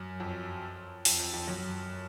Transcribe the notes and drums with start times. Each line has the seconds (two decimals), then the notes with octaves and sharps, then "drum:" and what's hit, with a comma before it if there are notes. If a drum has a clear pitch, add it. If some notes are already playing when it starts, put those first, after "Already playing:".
Already playing: F#2
0.20 F2
1.05 F2, drum: open hi-hat
1.19 F2
1.34 F2
1.48 F#2